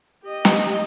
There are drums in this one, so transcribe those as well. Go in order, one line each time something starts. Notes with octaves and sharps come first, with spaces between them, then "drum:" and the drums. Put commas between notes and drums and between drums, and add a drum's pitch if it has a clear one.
G4 D#5
drum: snare